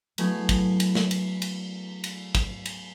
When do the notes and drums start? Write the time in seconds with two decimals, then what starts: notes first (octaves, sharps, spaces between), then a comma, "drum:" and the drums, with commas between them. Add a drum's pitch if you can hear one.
0.18 F#3 A3 B3 E4 G#4, drum: cymbal
0.49 drum: kick, cymbal
0.80 drum: cymbal
0.95 drum: snare
1.11 drum: cymbal
1.42 drum: cymbal
2.04 drum: cymbal
2.35 drum: kick, cymbal
2.66 drum: cymbal